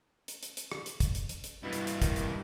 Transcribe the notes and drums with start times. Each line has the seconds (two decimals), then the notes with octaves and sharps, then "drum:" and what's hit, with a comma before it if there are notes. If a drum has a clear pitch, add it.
0.28 drum: hi-hat
0.43 drum: hi-hat
0.57 drum: hi-hat
0.72 drum: rim click
0.86 drum: hi-hat
1.00 drum: kick, hi-hat
1.15 drum: hi-hat
1.29 drum: hi-hat
1.44 drum: hi-hat
1.64 G2 B2 E3
1.73 drum: hi-hat
1.87 drum: hi-hat
2.02 D#3, drum: kick, hi-hat
2.16 drum: hi-hat